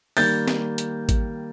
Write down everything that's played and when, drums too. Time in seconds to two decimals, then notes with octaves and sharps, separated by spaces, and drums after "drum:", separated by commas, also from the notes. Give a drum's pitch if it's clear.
0.17 D#3 G3 A#3 G6 A6, drum: open hi-hat
0.48 drum: snare
0.78 drum: hi-hat
1.09 drum: kick G#1, hi-hat